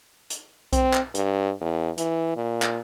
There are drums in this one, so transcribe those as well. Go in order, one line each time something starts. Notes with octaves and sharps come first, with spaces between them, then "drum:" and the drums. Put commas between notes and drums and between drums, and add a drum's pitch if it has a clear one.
drum: hi-hat
C4, drum: kick B1, hi-hat
drum: clap
G2, drum: hi-hat
E2
E3, drum: hi-hat
A#2
drum: clap